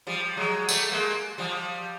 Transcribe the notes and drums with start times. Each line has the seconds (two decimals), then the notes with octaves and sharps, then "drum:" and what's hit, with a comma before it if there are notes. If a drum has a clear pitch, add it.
0.07 F3 G3
0.37 F#3 G#3
0.69 G3 A3, drum: tambourine
0.92 G#3 A#3
1.38 F3 G3